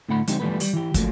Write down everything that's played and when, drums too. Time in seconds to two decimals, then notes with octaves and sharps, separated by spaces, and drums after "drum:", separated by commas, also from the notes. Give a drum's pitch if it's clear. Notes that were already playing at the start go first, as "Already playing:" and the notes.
0.09 A2 D3 A3 F#5 B5
0.27 D3 F3 G#3 C4 D#4 G4, drum: hi-hat
0.40 E3 F3 G3 A3 B3 B4
0.60 G3, drum: open hi-hat
0.73 E3 G4
0.94 F3 F#3 A3 A#3, drum: kick, hi-hat